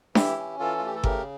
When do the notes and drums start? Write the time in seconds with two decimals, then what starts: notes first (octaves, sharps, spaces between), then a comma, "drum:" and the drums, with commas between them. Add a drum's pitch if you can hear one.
0.15 E3 E4 G4, drum: snare D4
0.37 C#4
0.59 E3 F4 A4
0.78 F4
0.82 A3 G4
0.95 A4
1.04 C#3 G4 A#4, drum: kick G1